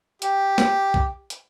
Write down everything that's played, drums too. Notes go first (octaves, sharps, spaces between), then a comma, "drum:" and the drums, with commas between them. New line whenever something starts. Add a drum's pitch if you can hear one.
G4, drum: hi-hat
drum: snare
drum: kick
drum: hi-hat